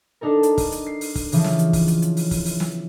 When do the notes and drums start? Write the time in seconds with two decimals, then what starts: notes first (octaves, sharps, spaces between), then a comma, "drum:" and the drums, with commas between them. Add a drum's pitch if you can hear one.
0.21 D4 D#4 A4 A#4
0.43 drum: hi-hat
0.58 drum: kick, open hi-hat
0.72 drum: hi-hat
0.87 C7
1.01 drum: open hi-hat
1.15 drum: kick, open hi-hat
1.32 C#3 E3 F3, drum: open hi-hat
1.44 drum: snare
1.59 drum: hi-hat
1.73 drum: kick, open hi-hat
1.88 drum: hi-hat
2.02 drum: hi-hat
2.17 drum: open hi-hat
2.31 drum: kick, open hi-hat
2.46 drum: open hi-hat
2.60 drum: snare